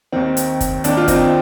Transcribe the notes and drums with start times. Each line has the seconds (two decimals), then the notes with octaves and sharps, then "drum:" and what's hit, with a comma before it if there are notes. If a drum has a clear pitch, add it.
0.12 D#2 D#3 C4
0.37 drum: hi-hat
0.61 drum: kick, hi-hat
0.84 D#2 D#3 D4, drum: hi-hat
0.97 F4
1.08 C4 D#4, drum: kick, hi-hat